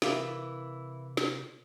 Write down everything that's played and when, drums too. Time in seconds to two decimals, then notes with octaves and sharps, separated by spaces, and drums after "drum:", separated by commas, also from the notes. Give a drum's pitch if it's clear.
0.02 C3 E3 E4 A#4 F5 D6, drum: snare
1.17 drum: snare